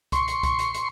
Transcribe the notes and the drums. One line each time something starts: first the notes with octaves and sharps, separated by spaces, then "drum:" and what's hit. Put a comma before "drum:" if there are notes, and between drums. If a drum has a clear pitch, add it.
C6 C#6, drum: kick C2, hi-hat
drum: hi-hat
drum: kick C2, hi-hat
drum: hi-hat
drum: hi-hat